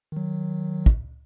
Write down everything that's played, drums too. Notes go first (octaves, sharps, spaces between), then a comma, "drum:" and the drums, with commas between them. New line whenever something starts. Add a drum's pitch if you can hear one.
D#3 F#3
drum: kick